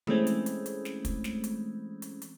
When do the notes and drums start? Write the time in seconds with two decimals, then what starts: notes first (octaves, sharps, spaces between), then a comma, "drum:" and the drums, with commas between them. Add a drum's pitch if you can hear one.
0.07 E3 G#3 A3 C4 C#4, drum: tom E3
0.27 drum: hi-hat
0.46 drum: hi-hat
0.66 drum: hi-hat
0.85 drum: snare
1.05 drum: kick, hi-hat
1.24 drum: snare
1.44 drum: hi-hat
2.02 drum: hi-hat
2.22 drum: hi-hat